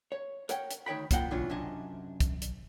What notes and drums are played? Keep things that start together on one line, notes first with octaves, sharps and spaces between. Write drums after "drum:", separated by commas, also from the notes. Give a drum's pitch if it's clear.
C#5
A#4 C#5 F#5 G5, drum: hi-hat
drum: hi-hat
D2 D#3 C#5 G5 B5
F#2 A#3 F4 F#5 G5, drum: kick, hi-hat
C#2 B2 E3 D4 F4 C#5
F#2 C3 C#4 D4 D#5 G#5
drum: kick, hi-hat
drum: hi-hat